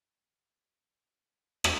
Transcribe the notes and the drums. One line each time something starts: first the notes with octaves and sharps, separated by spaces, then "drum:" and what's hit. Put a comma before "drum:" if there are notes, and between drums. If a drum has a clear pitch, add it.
D2 C5 C#5 G5 C#6 C#7
drum: rim click